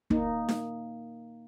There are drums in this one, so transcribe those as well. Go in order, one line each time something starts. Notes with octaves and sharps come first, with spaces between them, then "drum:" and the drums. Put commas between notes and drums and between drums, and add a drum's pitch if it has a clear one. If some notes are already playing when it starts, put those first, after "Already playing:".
A#3 D#4, drum: kick
drum: snare D#4